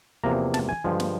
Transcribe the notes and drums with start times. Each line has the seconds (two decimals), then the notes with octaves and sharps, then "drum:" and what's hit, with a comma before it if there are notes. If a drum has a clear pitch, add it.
0.24 E2 C3 F3 A#3 A#5
0.54 A5, drum: snare
0.69 G#5
0.84 G2 D3 F3 G#3
1.00 drum: snare